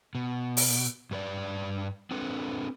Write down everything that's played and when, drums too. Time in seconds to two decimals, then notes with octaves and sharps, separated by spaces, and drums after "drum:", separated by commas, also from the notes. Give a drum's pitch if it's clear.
0.15 B2
0.57 drum: open hi-hat
1.11 G2 B4 D5
2.11 C4 D4 A4 B4